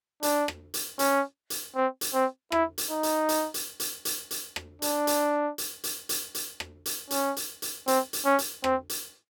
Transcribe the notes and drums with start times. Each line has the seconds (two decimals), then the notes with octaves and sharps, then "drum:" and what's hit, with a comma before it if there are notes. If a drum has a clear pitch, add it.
0.23 D4, drum: hi-hat
0.48 drum: rim click
0.74 drum: hi-hat
0.99 C#4, drum: hi-hat
1.50 drum: hi-hat
1.76 C4
2.01 drum: hi-hat
2.14 C4
2.52 E4, drum: rim click
2.78 drum: hi-hat
2.91 D#4
3.03 drum: hi-hat
3.29 drum: hi-hat
3.54 drum: hi-hat
3.80 drum: hi-hat
4.05 drum: hi-hat
4.31 drum: hi-hat
4.56 drum: rim click
4.82 D4, drum: hi-hat
5.07 drum: hi-hat
5.58 drum: hi-hat
5.84 drum: hi-hat
6.09 drum: hi-hat
6.35 drum: hi-hat
6.60 drum: rim click
6.86 drum: hi-hat
7.11 C#4, drum: hi-hat
7.37 drum: hi-hat
7.62 drum: hi-hat
7.88 C4, drum: hi-hat
8.13 drum: hi-hat
8.25 C#4
8.38 drum: hi-hat
8.64 C4, drum: rim click
8.89 drum: hi-hat